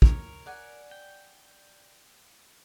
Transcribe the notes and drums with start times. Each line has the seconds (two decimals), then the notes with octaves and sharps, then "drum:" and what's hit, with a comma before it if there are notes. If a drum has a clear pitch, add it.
0.02 A#4 C#5, drum: kick
0.46 D5 F#5 G#5
0.91 G5